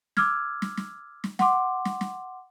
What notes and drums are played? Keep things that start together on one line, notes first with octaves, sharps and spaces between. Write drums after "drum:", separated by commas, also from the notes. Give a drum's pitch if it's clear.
D6 E6 F6 G#6, drum: snare
drum: snare
drum: snare
drum: snare
F#5 C6 D6, drum: snare
drum: snare
drum: snare